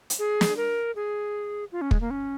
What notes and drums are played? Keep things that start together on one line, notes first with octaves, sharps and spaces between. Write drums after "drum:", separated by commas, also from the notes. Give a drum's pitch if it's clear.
drum: hi-hat
G#4
drum: snare
A#4
G#4
F4
C#4
G#3, drum: kick
A#3
C#4